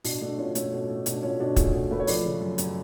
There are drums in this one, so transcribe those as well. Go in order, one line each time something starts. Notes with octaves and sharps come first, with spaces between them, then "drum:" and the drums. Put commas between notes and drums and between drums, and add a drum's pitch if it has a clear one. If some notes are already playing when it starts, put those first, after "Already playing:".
B2 D4, drum: open hi-hat
A3 D4
B2 C#4 F4
A3 C#4, drum: hi-hat
B2
A3
B2 D4, drum: hi-hat
A3 C#4 F4
B2 D4 F#4
A3 F4 G#4, drum: kick, hi-hat
B2
A3 B4
C#5
F3 B4 D5, drum: open hi-hat
C#3
F#2
F#2, drum: hi-hat